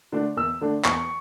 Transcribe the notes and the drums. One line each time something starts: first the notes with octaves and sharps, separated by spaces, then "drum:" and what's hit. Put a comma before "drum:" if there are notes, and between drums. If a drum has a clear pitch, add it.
D3 A3 D4
E2 E6
D3 A3 D4
E2 C#6, drum: clap